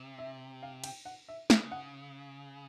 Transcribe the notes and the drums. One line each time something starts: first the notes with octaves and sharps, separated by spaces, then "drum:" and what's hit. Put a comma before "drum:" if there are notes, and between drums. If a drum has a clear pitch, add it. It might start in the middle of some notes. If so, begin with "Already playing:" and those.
Already playing: C3
E5
F5
G5, drum: cymbal
F#5
E5
C#3, drum: snare
F#5